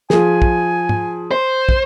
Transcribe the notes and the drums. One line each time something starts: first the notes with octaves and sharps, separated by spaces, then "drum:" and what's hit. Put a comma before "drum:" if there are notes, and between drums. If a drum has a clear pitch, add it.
F3 G#4 G#5, drum: snare
drum: kick
drum: tom
C5
drum: kick